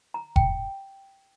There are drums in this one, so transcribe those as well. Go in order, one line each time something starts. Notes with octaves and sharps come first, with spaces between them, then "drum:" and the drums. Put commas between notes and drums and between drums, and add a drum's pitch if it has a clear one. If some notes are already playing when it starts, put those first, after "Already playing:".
A#5
G5, drum: kick F1